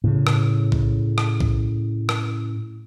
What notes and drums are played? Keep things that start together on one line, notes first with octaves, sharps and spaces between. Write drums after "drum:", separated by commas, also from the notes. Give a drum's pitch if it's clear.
A2 C#3
drum: rim click
drum: kick A#1
drum: rim click
drum: kick A#1
drum: rim click